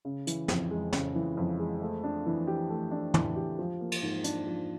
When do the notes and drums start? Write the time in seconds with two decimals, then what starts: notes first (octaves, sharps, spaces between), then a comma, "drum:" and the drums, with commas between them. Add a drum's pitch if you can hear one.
0.05 C#3
0.27 E3, drum: hi-hat
0.48 F2, drum: snare
0.71 G#3
0.93 C#3, drum: snare
1.15 E3
1.37 F2
1.59 G#3
1.82 A3
2.04 D4
2.26 E3
2.47 G4
2.70 A3
2.91 D4
3.14 E3, drum: tom
3.36 G4
3.59 F3
3.81 A#3
3.92 drum: cymbal
4.02 G#2
4.24 D4, drum: hi-hat
4.47 F3